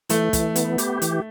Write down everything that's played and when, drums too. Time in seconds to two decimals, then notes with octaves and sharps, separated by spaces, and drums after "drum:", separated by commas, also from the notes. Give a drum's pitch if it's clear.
0.09 E3 A3, drum: hi-hat
0.33 E3, drum: kick, hi-hat
0.56 B3, drum: hi-hat
0.78 G4, drum: hi-hat
1.02 E3, drum: hi-hat